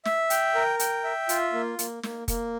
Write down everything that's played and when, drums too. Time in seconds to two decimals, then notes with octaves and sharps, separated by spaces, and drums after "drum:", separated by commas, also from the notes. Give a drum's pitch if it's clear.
0.05 E5, drum: snare
0.30 G5, drum: hi-hat
0.55 A#4
0.79 G5, drum: hi-hat
1.04 E5
1.29 F4, drum: hi-hat
1.53 A#3
1.79 A#3, drum: hi-hat
2.03 A#3, drum: snare
2.28 A#3, drum: kick F1, hi-hat